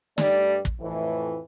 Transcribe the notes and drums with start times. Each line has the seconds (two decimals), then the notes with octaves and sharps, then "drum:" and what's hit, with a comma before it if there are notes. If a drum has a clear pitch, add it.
0.18 G2 G3 A3 D5, drum: snare
0.65 drum: kick
0.80 F2 A2 E3